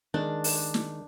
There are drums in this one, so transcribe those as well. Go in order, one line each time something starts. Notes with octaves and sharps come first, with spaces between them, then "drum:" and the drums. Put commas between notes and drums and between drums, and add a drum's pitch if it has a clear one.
D#3 G#3 D4
drum: open hi-hat
drum: snare